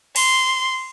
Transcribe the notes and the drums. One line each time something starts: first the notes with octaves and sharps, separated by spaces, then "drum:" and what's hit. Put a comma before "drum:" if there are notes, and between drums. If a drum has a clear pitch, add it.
C6, drum: cymbal